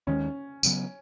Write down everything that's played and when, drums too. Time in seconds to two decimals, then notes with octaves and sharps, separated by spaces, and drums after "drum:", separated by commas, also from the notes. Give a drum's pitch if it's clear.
0.07 D#2 D#3 G#3 C#4
0.63 D2 C#3 F#3 B3, drum: tambourine